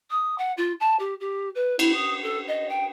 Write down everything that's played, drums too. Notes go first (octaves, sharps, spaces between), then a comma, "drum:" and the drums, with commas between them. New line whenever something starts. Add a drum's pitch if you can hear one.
D#6
F#5
F4
A5
G4
G4
B4
E4, drum: cymbal
D#6
A4
D#5
G5